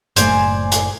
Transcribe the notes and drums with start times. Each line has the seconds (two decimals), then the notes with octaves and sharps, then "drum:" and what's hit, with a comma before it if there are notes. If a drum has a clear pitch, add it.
0.16 F#1 A2 A3 C5 D5 G#5, drum: hi-hat
0.72 drum: hi-hat